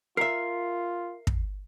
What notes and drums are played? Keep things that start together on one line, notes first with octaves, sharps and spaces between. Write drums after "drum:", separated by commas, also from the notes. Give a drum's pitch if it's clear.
F4 A#4 E5 C7
drum: kick